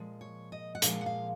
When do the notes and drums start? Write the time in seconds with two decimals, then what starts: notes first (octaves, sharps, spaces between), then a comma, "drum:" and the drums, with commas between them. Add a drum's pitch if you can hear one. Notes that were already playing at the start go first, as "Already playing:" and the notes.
Already playing: A#2 F3 G#3
0.21 C#5
0.52 D#5
0.75 F#5
0.82 A#2 F3 G#3 F5, drum: hi-hat
1.01 F#5
1.06 F5